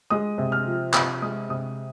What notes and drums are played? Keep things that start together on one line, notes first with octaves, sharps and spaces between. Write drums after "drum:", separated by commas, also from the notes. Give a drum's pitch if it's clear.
G#3 D#6
C3
F6
F3
C3 D#6, drum: clap
G#3 D#6
C3 D#6